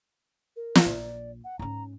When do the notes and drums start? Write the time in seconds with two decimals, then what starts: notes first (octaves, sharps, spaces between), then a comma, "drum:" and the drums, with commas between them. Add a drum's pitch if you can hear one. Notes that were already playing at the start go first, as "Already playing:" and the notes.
0.56 A#4
0.75 drum: snare
0.86 A#1 D5
1.44 F#5
1.59 G#2 C#4 A#5